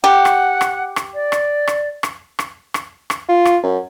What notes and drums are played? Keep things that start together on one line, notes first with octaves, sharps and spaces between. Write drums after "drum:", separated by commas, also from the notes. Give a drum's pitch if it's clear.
G4 F#5
drum: rim click
drum: rim click
drum: rim click
D5
drum: rim click
drum: rim click
drum: rim click
drum: rim click
drum: rim click
drum: rim click
F4
drum: rim click
F#2